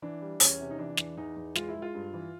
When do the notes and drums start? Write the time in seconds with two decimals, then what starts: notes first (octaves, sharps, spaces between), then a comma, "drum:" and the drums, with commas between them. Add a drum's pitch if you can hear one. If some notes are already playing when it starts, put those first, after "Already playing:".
0.02 E3 D4
0.22 G3
0.40 E2 C#4, drum: open hi-hat
0.60 C3
0.70 D#4
0.79 E3 D4
0.97 E2, drum: snare
1.17 E2 D#4
1.37 E2
1.56 G#3 F4, drum: snare
1.69 E4
1.75 G#3
1.82 F4
1.94 G2
2.13 E3